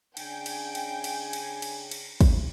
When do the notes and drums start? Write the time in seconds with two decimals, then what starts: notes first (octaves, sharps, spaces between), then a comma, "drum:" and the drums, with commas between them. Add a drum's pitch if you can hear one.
0.17 C#3 D4 G5 G#5, drum: cymbal
0.46 drum: cymbal
0.75 drum: cymbal
1.04 drum: cymbal
1.33 drum: cymbal
1.62 drum: cymbal
1.91 drum: cymbal
2.21 drum: kick, cymbal